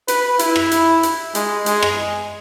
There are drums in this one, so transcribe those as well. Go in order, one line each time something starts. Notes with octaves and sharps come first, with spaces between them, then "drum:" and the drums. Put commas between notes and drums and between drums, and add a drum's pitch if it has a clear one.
B4, drum: hi-hat
E4, drum: hi-hat
drum: rim click
drum: hi-hat
drum: hi-hat
G#3, drum: hi-hat
G#3, drum: hi-hat
drum: rim click